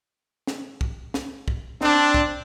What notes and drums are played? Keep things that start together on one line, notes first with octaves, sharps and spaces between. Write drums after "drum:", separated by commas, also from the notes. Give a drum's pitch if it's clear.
drum: snare
drum: kick
drum: snare
drum: kick
C4 D4, drum: snare
drum: kick